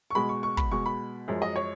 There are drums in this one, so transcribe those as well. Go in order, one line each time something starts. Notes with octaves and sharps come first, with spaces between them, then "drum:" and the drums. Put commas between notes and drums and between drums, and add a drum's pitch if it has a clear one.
C#6
B2 G#3 B5
C#6
C#6
B5, drum: kick
B2 G#3 C#6
B5
F#2 F3 G#3
D#5
C#5